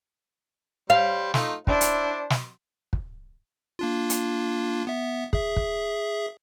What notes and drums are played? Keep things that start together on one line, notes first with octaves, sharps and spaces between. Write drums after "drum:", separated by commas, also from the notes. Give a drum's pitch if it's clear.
G3 C5 F5
A3 D#4 F4, drum: snare
D4 E4 C5, drum: kick
drum: hi-hat
drum: snare
drum: kick
A#3 D4 F4
drum: hi-hat
B3 E5
G#4 E5, drum: kick
drum: kick